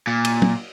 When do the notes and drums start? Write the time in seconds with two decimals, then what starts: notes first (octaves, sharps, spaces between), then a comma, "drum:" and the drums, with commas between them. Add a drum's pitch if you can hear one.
0.07 A#2
0.25 drum: cymbal
0.42 drum: tom